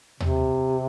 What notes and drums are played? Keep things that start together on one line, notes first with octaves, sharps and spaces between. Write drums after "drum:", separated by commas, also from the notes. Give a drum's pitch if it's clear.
C3, drum: tom D#2